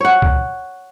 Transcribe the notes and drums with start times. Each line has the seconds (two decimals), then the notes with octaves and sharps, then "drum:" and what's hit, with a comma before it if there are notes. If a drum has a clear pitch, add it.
0.01 C#5 F#5
0.22 drum: kick C#2